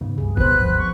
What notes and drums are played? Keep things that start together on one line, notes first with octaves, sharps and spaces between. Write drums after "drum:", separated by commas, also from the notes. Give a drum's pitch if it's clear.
G#2 C#3 B3
F1 C#2 G2 G#4
D1 B1 B3 B4 C5 F#6, drum: kick F#1
G1 D2 F3
C#6